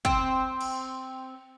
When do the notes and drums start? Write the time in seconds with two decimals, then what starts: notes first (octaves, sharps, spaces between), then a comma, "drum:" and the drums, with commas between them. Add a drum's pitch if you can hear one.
0.05 C4, drum: kick
0.61 drum: cymbal